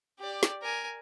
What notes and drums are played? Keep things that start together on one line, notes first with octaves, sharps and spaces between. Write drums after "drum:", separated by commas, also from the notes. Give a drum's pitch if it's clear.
G4 D5
drum: snare
A#4 G#5